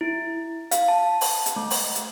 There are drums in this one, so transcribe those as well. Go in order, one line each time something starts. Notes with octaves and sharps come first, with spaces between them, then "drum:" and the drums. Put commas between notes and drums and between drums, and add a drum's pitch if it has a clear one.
E4
F5, drum: hi-hat
A5
drum: open hi-hat
drum: hi-hat
A3
drum: open hi-hat
drum: hi-hat